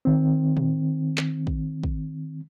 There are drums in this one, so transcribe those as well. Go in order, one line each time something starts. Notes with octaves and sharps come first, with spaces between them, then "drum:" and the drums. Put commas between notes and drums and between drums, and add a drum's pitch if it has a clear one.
D#3 C4
drum: tom
drum: clap
drum: kick
drum: kick